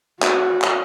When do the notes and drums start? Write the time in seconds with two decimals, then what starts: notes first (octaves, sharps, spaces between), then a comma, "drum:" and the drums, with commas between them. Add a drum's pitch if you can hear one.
0.22 F#4, drum: clap
0.62 drum: clap